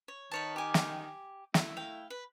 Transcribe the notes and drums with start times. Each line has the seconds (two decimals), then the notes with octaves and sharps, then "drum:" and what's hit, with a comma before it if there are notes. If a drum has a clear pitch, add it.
0.08 C#5
0.31 D#3 B4 C#5 A5
0.56 G4 G#5 D6
0.74 drum: snare
1.54 A3 E4, drum: snare
1.77 F5 G5
2.10 B4